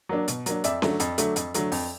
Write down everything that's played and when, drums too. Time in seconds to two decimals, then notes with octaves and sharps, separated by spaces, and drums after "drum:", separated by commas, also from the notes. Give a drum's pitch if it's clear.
0.09 F#3 A#3 D4
0.28 B2, drum: hi-hat
0.46 F#3 A#3 D4, drum: hi-hat
0.64 F2 D5 E5, drum: hi-hat
0.82 D3 F#3 A3, drum: snare C#4
1.00 F2, drum: hi-hat
1.18 D3 F#3 A3, drum: hi-hat
1.36 F2, drum: hi-hat
1.54 D3 F#3 A3, drum: hi-hat
1.72 F2, drum: open hi-hat